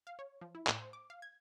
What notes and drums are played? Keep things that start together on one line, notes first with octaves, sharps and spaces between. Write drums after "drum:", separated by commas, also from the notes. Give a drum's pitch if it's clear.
F5
C#5
F3
E4
A2, drum: clap
C5
D6
F5
G#6